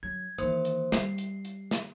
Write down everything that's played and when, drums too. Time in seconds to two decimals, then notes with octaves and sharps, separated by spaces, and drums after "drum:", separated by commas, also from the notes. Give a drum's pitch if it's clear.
0.03 F#3 G#6
0.38 D#3 E3 A#3 C5 D#6, drum: hi-hat
0.65 drum: hi-hat
0.92 G3 C7, drum: snare
1.18 drum: hi-hat
1.45 drum: hi-hat
1.71 drum: snare